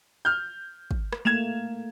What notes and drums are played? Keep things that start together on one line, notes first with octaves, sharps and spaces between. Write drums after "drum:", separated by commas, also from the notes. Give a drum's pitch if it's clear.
F6 G6
drum: kick
drum: rim click
A3 A#3 G#6 E7 F7